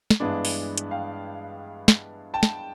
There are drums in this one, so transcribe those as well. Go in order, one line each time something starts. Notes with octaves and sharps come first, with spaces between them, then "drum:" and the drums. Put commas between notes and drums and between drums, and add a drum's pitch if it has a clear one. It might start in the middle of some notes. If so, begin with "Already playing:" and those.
drum: snare
G2 E3 G#3 B3 D4
drum: open hi-hat
drum: hi-hat
F5 G5
drum: snare
G5 A5
drum: snare